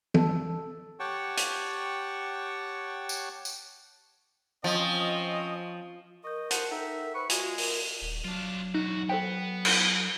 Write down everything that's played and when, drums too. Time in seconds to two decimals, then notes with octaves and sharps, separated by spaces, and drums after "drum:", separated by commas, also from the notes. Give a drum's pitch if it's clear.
0.14 A4, drum: tom
1.00 G4 C#5 F#5 G5 A5 C#6
1.37 drum: hi-hat
3.09 drum: tambourine
3.45 drum: tambourine
4.64 F3 C4 C#4 D#5
6.24 A#4 D#5 C#6 G6
6.51 C5 F#5 A5, drum: hi-hat
6.71 D#4 A4 E5 F#5 G5
7.15 B4 C5 C#6
7.30 G#3 F4 F#4 E5 F5 G#5, drum: hi-hat
7.58 A#4, drum: open hi-hat
8.02 D#1
8.24 F#3 D4 F4
8.75 E2 D#4 F#4
9.09 B3 A4 C5 G5
9.65 drum: cymbal